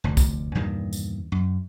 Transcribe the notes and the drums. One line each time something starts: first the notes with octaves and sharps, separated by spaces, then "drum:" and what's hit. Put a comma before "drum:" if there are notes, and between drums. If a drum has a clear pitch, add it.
F1 D2
drum: kick B1, tambourine
E2 G2 A#2 D#3
drum: tambourine
F#2